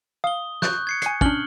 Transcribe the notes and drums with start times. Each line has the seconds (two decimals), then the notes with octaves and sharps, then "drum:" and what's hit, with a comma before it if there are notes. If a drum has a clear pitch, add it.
0.24 F5 D#6 G7
0.62 C#6 F#6 G6, drum: snare
0.87 G#6 C7 C#7
1.02 G#5 C7 C#7, drum: hi-hat
1.21 C#4 D4 F6 F#7 G7, drum: kick